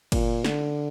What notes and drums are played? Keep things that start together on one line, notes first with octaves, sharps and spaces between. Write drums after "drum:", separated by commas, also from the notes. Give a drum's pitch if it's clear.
A#2, drum: kick G1, cymbal
D3, drum: snare